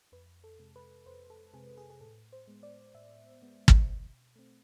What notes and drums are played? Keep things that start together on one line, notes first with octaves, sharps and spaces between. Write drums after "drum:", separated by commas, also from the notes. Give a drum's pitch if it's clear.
F2 B4
A4
C3 G#3
B4
F2 C5
A4
C3 G#3 G#4
G#4
G#4
A2 A4
C5
G#3 B3
D5
A2 E5
G#3 B3
drum: kick
B2
A3 C4